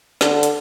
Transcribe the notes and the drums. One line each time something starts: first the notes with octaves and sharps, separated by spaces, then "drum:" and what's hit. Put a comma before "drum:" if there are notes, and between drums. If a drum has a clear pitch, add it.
D3, drum: snare
drum: hi-hat